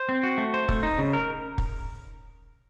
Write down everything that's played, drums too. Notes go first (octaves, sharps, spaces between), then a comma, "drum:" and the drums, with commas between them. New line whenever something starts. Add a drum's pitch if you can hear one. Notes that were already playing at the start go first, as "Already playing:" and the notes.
Already playing: C5
C4
F#4
A3
C5
A3, drum: kick
D#4
C#3
A#4
drum: kick